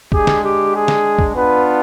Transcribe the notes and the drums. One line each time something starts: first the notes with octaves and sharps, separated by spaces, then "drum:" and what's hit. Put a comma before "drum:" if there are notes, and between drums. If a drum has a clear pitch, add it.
G#3 D4 G4 G#4, drum: kick
drum: snare
G4
G#4
drum: snare
drum: kick
B3 D4 F4 B4